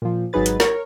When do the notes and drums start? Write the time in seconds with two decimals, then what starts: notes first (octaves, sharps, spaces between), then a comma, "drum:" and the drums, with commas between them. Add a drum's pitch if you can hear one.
0.02 A#2 F3
0.33 G#1 F#3 D#4 G#4 B4 A6
0.46 drum: hi-hat
0.60 A#4 C#5, drum: snare